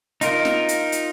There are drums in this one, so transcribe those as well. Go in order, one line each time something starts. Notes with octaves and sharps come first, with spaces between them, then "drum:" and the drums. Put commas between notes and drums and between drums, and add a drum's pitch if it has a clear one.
D#4 F4 A#4, drum: hi-hat
drum: snare
drum: hi-hat
drum: hi-hat